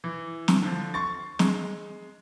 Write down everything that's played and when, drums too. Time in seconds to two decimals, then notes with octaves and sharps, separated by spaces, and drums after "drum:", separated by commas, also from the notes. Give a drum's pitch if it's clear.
0.04 E3
0.48 drum: snare
0.62 D3 F3
0.94 C6 C#6 A6
1.39 G#3, drum: snare